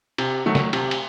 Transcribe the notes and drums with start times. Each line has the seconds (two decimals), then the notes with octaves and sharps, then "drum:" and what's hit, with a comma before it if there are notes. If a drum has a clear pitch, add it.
0.18 C3, drum: cymbal
0.46 D#3 F#3 A3
0.55 drum: snare
0.73 C3, drum: cymbal
0.91 drum: cymbal